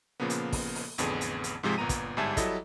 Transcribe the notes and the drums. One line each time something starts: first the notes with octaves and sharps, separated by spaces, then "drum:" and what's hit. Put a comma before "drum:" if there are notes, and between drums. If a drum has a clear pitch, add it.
A#2 C#3 F3 A#3 B3
drum: hi-hat
drum: kick, open hi-hat
drum: open hi-hat
A1 F2 D3 B3 G#4, drum: hi-hat
drum: hi-hat
drum: hi-hat
G#2 C3 F3 G#3
G1 A#2 B3 A#5 D#7
drum: kick, hi-hat
G1 G#2 G3 E5 G#5 A5
F#3 G3 E4 A4 D#5, drum: kick, hi-hat